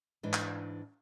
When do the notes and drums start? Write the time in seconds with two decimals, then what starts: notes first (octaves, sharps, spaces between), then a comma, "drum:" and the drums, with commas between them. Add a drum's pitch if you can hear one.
0.23 G#2 E3 D4
0.34 drum: clap